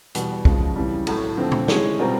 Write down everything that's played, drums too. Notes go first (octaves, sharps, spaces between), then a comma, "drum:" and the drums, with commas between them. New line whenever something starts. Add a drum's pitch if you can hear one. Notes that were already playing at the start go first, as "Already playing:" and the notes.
E2 B2 G3, drum: hi-hat
C#3 F3 G#3, drum: kick
C#3 E3 G3
A2 F#3 A3, drum: cymbal
D3 F3 A3 C4
drum: tom A#2
D#3 G#3 C#4 E4 G#4, drum: snare
B2 G3 C4 F4 A#4